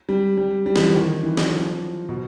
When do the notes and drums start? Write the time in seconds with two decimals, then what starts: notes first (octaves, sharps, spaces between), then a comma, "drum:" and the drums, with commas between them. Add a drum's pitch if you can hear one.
0.09 G3
0.37 G3
0.66 G3
0.76 E3, drum: snare
0.80 F3
0.95 D#3
1.23 E3
1.37 F#3, drum: snare
1.51 F3
2.09 B2